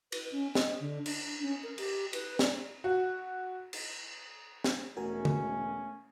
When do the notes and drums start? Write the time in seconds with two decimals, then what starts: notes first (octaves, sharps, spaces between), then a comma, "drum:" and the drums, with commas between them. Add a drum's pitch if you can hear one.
0.12 B4, drum: cymbal
0.32 C#4
0.55 D#5, drum: snare
0.80 D3
1.06 D4, drum: cymbal
1.43 C#4
1.63 A#4
1.78 G4, drum: cymbal
2.13 B4, drum: cymbal
2.39 D5, drum: snare
2.84 F#4
3.73 drum: cymbal
4.64 drum: snare
4.96 E1 A3 C#4 F#4 A#4 G#5
5.25 drum: tom D3